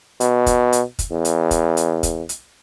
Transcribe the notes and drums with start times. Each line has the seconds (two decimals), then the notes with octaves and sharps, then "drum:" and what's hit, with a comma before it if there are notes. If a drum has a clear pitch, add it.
0.20 B2, drum: hi-hat
0.46 drum: kick, hi-hat
0.73 drum: hi-hat
0.99 drum: kick, hi-hat
1.11 E2
1.25 drum: hi-hat
1.51 drum: kick, hi-hat
1.77 drum: hi-hat
2.03 drum: kick, hi-hat
2.29 drum: hi-hat